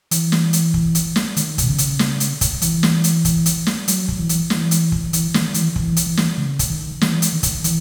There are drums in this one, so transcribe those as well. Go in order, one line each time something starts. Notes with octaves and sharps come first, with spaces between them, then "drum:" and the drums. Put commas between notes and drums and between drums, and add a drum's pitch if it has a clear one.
E3, drum: hi-hat
drum: snare
drum: hi-hat
drum: kick
drum: hi-hat
drum: snare
D#3, drum: hi-hat
B2, drum: kick, hi-hat
C#3
drum: hi-hat
drum: snare
drum: hi-hat
drum: kick, hi-hat
E3, drum: hi-hat
drum: snare
drum: hi-hat
drum: kick, hi-hat
drum: hi-hat
drum: snare
F#3, drum: hi-hat
drum: kick
E3
drum: hi-hat
E3, drum: snare
drum: hi-hat
drum: kick
E3, drum: hi-hat
D#3, drum: snare
E3, drum: hi-hat
E3, drum: kick
drum: hi-hat
E3
drum: snare
C#3
drum: kick, hi-hat
D#3
E3, drum: snare
drum: hi-hat
D#3
drum: kick, hi-hat
E3, drum: hi-hat